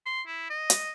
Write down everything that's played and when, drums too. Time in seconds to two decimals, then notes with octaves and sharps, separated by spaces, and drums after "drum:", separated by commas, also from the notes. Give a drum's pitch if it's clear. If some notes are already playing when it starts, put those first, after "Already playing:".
0.06 C6
0.27 E4
0.50 D#5
0.70 drum: hi-hat